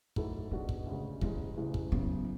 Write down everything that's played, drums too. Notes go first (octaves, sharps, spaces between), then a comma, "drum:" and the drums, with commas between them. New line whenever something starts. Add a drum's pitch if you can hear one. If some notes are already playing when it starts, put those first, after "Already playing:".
G#2 F#3 A3 E4 A4, drum: kick
B2 G#3 C#4 D4 F#4
drum: kick
D2 C#3 G#3
E1 E2 C#3 G#3 C#4, drum: kick
E1 E2 C#3 E3 G#3
drum: kick
F#1 F#2 C#3 B3